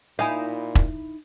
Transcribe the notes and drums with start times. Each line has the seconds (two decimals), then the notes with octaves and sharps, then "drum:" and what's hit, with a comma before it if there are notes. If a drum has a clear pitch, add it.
0.19 A#2 D#4 E4 F5 G#5
0.75 drum: kick E1